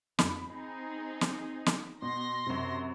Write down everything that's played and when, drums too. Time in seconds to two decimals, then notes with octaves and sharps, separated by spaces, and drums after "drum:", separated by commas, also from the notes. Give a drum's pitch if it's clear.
0.19 F2 B5, drum: snare
0.49 C4 D#4 G#4
1.21 drum: snare
1.66 drum: snare
2.02 B2 C6 A#6
2.47 F#2 C3